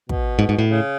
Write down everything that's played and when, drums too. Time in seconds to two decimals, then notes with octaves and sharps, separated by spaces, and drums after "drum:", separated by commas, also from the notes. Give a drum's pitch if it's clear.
0.09 B2, drum: kick
0.39 G#2
0.49 G#2
0.59 A2
0.69 C#3